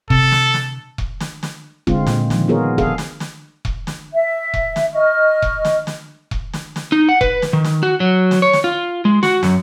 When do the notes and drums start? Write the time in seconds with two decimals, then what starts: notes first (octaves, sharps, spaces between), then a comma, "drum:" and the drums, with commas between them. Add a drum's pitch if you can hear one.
0.10 C3 A4, drum: kick E1
0.32 drum: snare
0.54 drum: snare
0.98 drum: kick E1
1.20 drum: snare
1.43 drum: snare
1.87 D3 G#3 C4 F4, drum: kick E1
2.06 A#2, drum: snare
2.30 D#3 F3, drum: snare
2.48 B3 F4 G#4 A#4 C#5
2.78 G#4 A4 F5, drum: kick E1
2.98 drum: snare
3.20 drum: snare
3.65 drum: kick E1
3.87 drum: snare
4.13 E5
4.54 drum: kick E1
4.76 drum: snare
4.94 D#5 C#6 F6
5.42 drum: kick E1
5.65 drum: snare
5.87 drum: snare
6.31 drum: kick E1
6.53 drum: snare
6.76 drum: snare
6.92 D#4
7.09 F#5
7.21 B4, drum: kick E1
7.42 drum: snare
7.53 D#3
7.64 drum: snare
7.83 F#4
8.00 F#3
8.31 drum: snare
8.42 C#5
8.53 drum: snare
8.64 F4
9.05 G#3
9.23 F#4, drum: snare
9.43 F#2, drum: snare